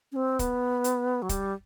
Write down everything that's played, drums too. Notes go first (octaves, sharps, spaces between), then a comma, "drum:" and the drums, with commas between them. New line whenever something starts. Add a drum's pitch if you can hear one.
C#4
C4
B3, drum: kick, hi-hat
drum: hi-hat
F#3
G3, drum: kick, hi-hat